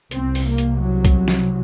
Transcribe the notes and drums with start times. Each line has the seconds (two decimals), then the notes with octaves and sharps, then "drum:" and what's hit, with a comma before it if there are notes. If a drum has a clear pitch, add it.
0.11 C2 C3 C4, drum: hi-hat
0.35 drum: open hi-hat
0.47 A#3
0.58 drum: hi-hat
0.82 F#3
1.05 drum: kick B1, hi-hat
1.28 drum: snare